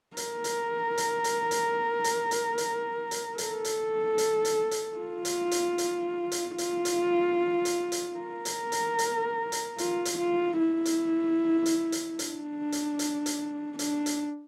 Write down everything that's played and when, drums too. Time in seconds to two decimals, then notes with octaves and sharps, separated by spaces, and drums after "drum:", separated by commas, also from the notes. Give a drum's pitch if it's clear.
0.17 A#4, drum: hi-hat
0.44 drum: hi-hat
0.98 drum: hi-hat
1.24 drum: hi-hat
1.51 drum: hi-hat
2.04 drum: hi-hat
2.31 drum: hi-hat
2.58 drum: hi-hat
3.11 drum: hi-hat
3.38 A4, drum: hi-hat
3.65 drum: hi-hat
4.18 drum: hi-hat
4.45 drum: hi-hat
4.71 drum: hi-hat
4.98 F4
5.25 drum: hi-hat
5.51 drum: hi-hat
5.78 drum: hi-hat
6.32 drum: hi-hat
6.58 F4, drum: hi-hat
6.85 drum: hi-hat
7.65 drum: hi-hat
7.92 drum: hi-hat
8.19 A#4
8.45 drum: hi-hat
8.72 drum: hi-hat
8.99 drum: hi-hat
9.52 drum: hi-hat
9.78 F4, drum: hi-hat
10.05 drum: hi-hat
10.19 F4
10.59 E4
10.85 drum: hi-hat
11.66 drum: hi-hat
11.92 drum: hi-hat
12.19 D4, drum: hi-hat
12.72 drum: hi-hat
12.99 drum: hi-hat
13.26 drum: hi-hat
13.79 D4, drum: hi-hat
14.06 drum: hi-hat